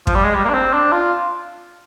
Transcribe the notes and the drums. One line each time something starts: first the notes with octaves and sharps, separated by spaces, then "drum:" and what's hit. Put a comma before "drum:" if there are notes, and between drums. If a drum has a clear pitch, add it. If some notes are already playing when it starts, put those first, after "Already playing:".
F3, drum: kick
G3
G#3
G3
A#3
D4
C4
D4
F4